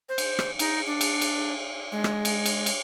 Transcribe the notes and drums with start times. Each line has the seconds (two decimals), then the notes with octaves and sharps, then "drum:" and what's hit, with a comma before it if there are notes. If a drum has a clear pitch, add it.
0.09 C5
0.18 drum: cymbal
0.39 drum: rim click
0.59 D#4, drum: cymbal
0.86 D4
1.01 drum: cymbal
1.21 drum: cymbal
1.92 G#3
2.04 drum: rim click
2.25 drum: cymbal
2.46 drum: cymbal
2.66 drum: cymbal